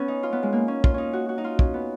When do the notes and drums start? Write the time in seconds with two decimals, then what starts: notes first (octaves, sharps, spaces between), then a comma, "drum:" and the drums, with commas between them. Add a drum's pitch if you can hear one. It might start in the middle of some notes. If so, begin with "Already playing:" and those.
Already playing: B3 C#4
0.08 D#4
0.23 F4
0.32 B3
0.43 G#3
0.53 A#3
0.68 C#4
0.84 F4, drum: kick
0.94 C#4 D#4
1.13 F#4
1.29 F#4
1.38 D#4
1.44 F4
1.59 C#4, drum: kick
1.74 B3